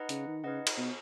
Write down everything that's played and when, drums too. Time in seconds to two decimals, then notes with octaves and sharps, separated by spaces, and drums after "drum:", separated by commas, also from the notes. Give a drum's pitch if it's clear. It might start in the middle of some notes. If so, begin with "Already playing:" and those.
Already playing: D#4 B4 D#5 F#5
0.09 C#3, drum: hi-hat
0.27 D#3
0.44 C#3 D#4 B4 D#5 F#5
0.67 drum: cymbal
0.77 B2